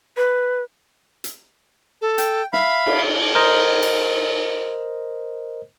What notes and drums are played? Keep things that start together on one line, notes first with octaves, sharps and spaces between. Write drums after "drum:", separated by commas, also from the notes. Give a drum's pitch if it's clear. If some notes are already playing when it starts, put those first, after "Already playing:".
B4
drum: hi-hat
A4
G5, drum: hi-hat
E5 F5 B5, drum: snare
drum: cymbal
A#4 C5 D#5
drum: cymbal